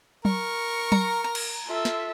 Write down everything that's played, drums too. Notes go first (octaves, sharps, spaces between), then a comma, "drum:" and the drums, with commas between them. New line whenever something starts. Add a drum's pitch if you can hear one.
A#4 C#6, drum: tom F#3
A#5, drum: tom F#3
A#5
drum: cymbal
F4 A4 E5
drum: snare